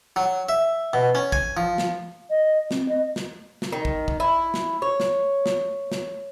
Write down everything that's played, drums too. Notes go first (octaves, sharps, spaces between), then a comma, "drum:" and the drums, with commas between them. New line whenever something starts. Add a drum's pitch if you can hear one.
F#3
E5
B2
C#4
G#5, drum: kick
F3
drum: snare
D#5
C4, drum: snare
D#5
drum: snare
drum: snare
D#3
drum: kick
drum: kick
E4
drum: snare
C#5
drum: snare
drum: snare
drum: snare